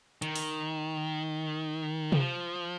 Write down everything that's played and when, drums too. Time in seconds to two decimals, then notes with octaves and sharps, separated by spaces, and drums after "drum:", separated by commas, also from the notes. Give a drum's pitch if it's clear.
0.22 D#3, drum: hi-hat
0.36 drum: open hi-hat
2.12 F3, drum: tom C3